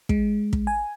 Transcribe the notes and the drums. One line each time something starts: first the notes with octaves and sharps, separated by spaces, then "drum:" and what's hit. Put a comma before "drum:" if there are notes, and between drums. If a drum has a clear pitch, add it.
G#3, drum: kick
drum: kick
G#5